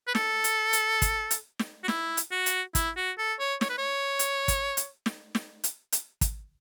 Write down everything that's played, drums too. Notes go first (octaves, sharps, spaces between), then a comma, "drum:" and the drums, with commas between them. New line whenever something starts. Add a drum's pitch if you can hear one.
B4
A4, drum: snare
drum: hi-hat
drum: hi-hat
drum: kick, hi-hat
drum: hi-hat
drum: snare
F#4
E4, drum: snare
drum: hi-hat
F#4
drum: hi-hat
E4, drum: kick, hi-hat
F#4
A4
C#5
C#5, drum: snare
B4
C#5
drum: hi-hat
drum: kick, hi-hat
drum: hi-hat
drum: snare
drum: snare
drum: hi-hat
drum: hi-hat
drum: kick, hi-hat